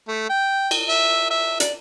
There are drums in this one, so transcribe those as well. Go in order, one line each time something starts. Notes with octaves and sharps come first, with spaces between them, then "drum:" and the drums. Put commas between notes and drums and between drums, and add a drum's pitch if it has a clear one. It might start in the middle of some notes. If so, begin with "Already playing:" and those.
A3
G5
drum: cymbal
E5
E5
D5, drum: hi-hat